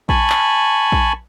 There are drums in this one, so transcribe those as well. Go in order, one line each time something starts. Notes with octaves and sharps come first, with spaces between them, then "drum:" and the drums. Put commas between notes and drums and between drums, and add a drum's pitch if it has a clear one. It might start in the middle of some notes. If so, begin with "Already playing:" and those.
G#5 A5 B5 C#6, drum: kick A#1
drum: clap
drum: kick A#1